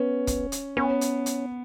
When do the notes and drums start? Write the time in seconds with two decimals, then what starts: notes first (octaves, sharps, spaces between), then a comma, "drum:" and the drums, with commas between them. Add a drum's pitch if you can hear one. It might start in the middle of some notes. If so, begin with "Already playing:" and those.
Already playing: B3 C#4
0.27 drum: kick, hi-hat
0.52 drum: hi-hat
0.77 B3 C#4
1.01 drum: hi-hat
1.26 drum: hi-hat